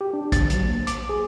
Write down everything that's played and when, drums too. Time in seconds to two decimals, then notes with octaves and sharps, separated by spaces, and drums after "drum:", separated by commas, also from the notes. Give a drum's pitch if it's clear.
0.01 G4
0.13 D4
0.32 A6, drum: kick, hi-hat
0.50 F#3, drum: hi-hat
0.64 A#3
0.87 D6, drum: hi-hat
1.09 G#4